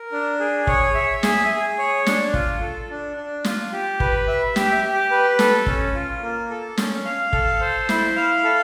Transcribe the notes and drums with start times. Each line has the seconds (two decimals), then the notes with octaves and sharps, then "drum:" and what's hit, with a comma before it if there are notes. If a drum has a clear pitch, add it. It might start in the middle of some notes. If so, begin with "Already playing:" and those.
Already playing: A#4
0.12 D4
0.40 G#4
0.67 C#5, drum: kick
0.95 E5
1.23 G#4, drum: snare
1.51 G#4
1.78 C#5
2.06 D4, drum: snare
2.34 F4, drum: kick
2.62 A4
2.90 D4
3.17 D4
3.44 F4, drum: snare
3.73 G4
4.00 B4, drum: kick
4.28 E5
4.56 G4, drum: snare
4.84 G4
5.11 B4
5.39 A4, drum: snare
5.66 C#4, drum: kick
5.94 F4
6.22 A#3
6.50 A4
6.77 C#4, drum: snare
7.05 F5
7.33 A4, drum: kick
7.61 C5
7.89 E4, drum: snare
8.16 F5
8.44 A4